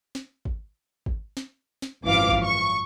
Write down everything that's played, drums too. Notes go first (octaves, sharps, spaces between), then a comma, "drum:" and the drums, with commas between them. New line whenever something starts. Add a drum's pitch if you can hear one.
drum: snare
drum: kick G#1
drum: kick G#1
drum: snare
drum: snare
G#1 F#2 E3 F3 F5 D6
drum: kick G#1
C#6